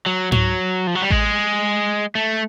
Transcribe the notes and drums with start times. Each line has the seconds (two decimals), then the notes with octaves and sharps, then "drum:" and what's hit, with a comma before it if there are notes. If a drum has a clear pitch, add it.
0.06 F#3
0.32 F#3, drum: tom G#2
0.87 F3
0.95 F#3
1.02 G3
1.10 G#3, drum: kick A1
2.15 A3